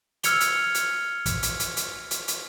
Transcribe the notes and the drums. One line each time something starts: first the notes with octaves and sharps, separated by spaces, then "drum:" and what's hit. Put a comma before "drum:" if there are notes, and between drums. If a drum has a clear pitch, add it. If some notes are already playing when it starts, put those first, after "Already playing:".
E6 F6 G#6 C#7 F7 G7, drum: hi-hat
drum: hi-hat
drum: hi-hat
drum: kick, hi-hat
drum: hi-hat
drum: hi-hat
drum: hi-hat
drum: hi-hat
drum: hi-hat